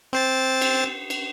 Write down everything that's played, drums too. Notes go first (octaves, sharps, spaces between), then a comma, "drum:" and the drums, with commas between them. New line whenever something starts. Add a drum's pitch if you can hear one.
C4 C5 A6
drum: cymbal
drum: cymbal